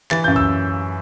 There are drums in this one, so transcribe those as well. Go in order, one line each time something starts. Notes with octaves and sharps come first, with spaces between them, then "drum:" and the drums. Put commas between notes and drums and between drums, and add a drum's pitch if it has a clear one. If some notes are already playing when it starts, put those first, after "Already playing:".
E3 A6, drum: clap
F#2 G6
E6, drum: kick C#2